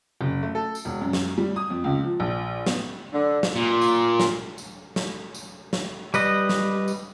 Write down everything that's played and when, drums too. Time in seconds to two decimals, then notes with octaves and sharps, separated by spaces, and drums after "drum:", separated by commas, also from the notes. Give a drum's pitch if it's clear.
0.21 F#1
0.42 A3
0.55 A4
0.75 drum: tambourine
0.85 E1
1.01 F#2
1.13 drum: snare
1.38 G3
1.56 D#6
1.70 F2
1.84 C#2
2.04 F3
2.20 A#1
2.66 B3, drum: snare
3.13 D3
3.43 drum: snare
3.56 A#2
3.81 drum: tambourine
4.20 drum: snare
4.58 drum: tambourine
4.96 drum: snare
5.35 drum: tambourine
5.73 drum: snare
6.14 G3 B4 D#5, drum: tambourine
6.49 drum: snare
6.88 drum: tambourine